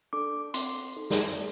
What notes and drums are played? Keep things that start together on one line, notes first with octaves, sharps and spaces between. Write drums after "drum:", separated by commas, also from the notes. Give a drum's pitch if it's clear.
D4 A4 D6
C4 C6, drum: hi-hat
D#4 A4
drum: snare